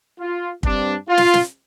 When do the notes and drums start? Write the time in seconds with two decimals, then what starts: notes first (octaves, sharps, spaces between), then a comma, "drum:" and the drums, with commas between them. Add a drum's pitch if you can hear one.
0.19 F4
0.63 G2 G3 C4 D4, drum: kick
1.08 F4
1.17 drum: snare
1.33 drum: snare